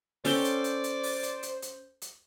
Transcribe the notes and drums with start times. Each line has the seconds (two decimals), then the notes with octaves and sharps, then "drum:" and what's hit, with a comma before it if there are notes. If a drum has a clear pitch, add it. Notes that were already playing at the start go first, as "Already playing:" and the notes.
0.25 C#4 A4 C5 D5 G5, drum: open hi-hat
0.44 drum: hi-hat
0.64 drum: hi-hat
0.84 drum: hi-hat
1.03 drum: open hi-hat
1.23 drum: hi-hat
1.43 drum: hi-hat
1.62 drum: hi-hat
2.02 drum: hi-hat